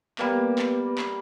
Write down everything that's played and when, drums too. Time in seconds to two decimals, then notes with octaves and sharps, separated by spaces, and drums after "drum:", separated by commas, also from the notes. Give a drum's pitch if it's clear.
0.19 G3 A#3 B3, drum: clap
0.59 drum: clap
0.98 drum: clap